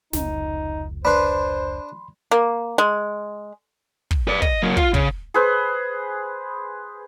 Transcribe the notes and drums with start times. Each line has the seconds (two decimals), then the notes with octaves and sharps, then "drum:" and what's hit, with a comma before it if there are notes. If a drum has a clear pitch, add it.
0.13 F1 C#2 D#4, drum: snare
1.05 D4 B4 C5 B5 C6
2.31 A#3
2.78 G#3
4.11 drum: kick
4.28 B4 D5
4.42 D#5, drum: kick
4.63 F#3 A#3
4.77 F4, drum: kick
4.94 C#3, drum: kick
5.34 G#4 B4 C5